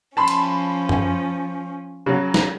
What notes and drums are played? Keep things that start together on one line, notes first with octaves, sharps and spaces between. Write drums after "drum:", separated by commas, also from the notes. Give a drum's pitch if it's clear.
F3 C#4 A5 B5 C6
drum: cymbal
drum: tom F#2
C#3 F#3
drum: snare